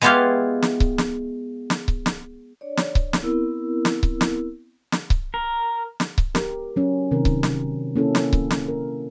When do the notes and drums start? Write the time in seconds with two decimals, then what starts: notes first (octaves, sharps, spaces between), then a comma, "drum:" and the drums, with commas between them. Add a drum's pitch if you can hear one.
0.01 G#3 B3 E4 F4 G4 F5
0.62 drum: snare
0.80 drum: kick C#1
0.98 drum: snare
1.70 drum: snare
1.88 drum: kick C#1
2.06 drum: snare
2.61 D4 C#5 D5
2.77 drum: snare
2.95 drum: kick C#1
3.13 drum: snare
3.22 B3 C4 E4 A#4 E6
3.85 drum: snare
4.03 drum: kick C#1
4.21 drum: snare
4.92 drum: snare
5.10 drum: kick C#1
5.34 A#4
6.00 drum: snare
6.18 drum: kick C#1
6.35 G4 A#4, drum: snare
6.76 F#3 C#4
7.11 C3 D#3 C4 A#4
7.25 drum: kick C#1
7.43 drum: snare
7.96 A#3 C#4 E4 A4
8.15 drum: snare
8.33 drum: kick C#1
8.50 drum: snare
8.68 A#4